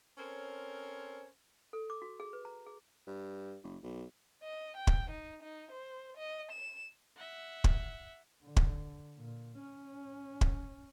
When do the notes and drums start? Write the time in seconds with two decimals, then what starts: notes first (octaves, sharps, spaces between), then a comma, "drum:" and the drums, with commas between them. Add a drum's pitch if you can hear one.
0.18 C4 C#4 A4 A#4 C5 C#5
1.73 A4
1.90 D6
2.02 F#4
2.20 G#4
2.33 B4
2.45 A#5
2.67 G#4
3.07 G2
3.63 F#1
3.83 B1
4.44 D#5
4.77 G5
4.87 drum: kick
5.10 D#4
5.42 D#4
5.71 C5
6.17 D#5
6.52 E7
7.16 E5 F#5
7.64 drum: kick
8.44 D3
8.57 drum: kick
9.18 A#2
9.60 C#4
10.41 drum: kick